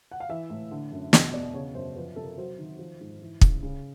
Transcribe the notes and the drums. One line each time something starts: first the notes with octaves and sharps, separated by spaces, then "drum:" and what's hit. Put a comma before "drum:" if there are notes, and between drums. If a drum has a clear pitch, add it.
F#5
F5
E3 E5
A2
D3
F#2
B2 D#5, drum: snare
E2 D5
C#3 C#5
F#2 C5
F3 B4
C3 A4
A#4
F#3 C5
D#3
F3
G#2
E3
C#3, drum: kick
C#3